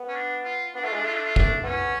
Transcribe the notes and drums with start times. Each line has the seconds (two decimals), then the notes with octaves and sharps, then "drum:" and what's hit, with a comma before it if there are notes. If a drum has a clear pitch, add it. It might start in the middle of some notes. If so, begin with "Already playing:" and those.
Already playing: B3
0.08 C#4
0.15 D4
0.44 F4
0.75 B3 D4
0.84 A3 F4
0.92 G#3 D4
1.01 A3 F4
1.16 D4
1.25 F4
1.36 D4, drum: kick
1.64 B3 C#4